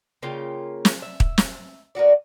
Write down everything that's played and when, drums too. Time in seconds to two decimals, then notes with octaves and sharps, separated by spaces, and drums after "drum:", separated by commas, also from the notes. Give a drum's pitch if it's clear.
0.22 C#3 A#3 F4 G5
0.85 drum: snare
1.02 E5
1.20 drum: kick
1.38 drum: snare
1.95 A#3 B3 F#4 D5